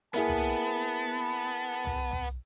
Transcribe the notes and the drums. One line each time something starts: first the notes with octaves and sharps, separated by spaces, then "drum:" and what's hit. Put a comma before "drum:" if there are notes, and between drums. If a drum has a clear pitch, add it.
A#3 B3 E4 G#4 A5, drum: hi-hat
drum: tom C2
drum: hi-hat
drum: hi-hat
drum: hi-hat
drum: hi-hat
drum: hi-hat
drum: hi-hat
drum: tom C2
drum: hi-hat
drum: tom C2
drum: hi-hat